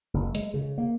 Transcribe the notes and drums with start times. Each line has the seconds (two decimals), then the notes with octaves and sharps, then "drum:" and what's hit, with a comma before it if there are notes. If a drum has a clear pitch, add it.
0.14 F#1
0.35 G#3, drum: hi-hat
0.54 C#3
0.78 A#3